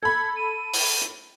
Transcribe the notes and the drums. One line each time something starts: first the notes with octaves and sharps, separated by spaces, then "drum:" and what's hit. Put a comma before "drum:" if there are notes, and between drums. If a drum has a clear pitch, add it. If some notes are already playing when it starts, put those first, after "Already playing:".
A4 B5 G#6
D#7
drum: open hi-hat
drum: hi-hat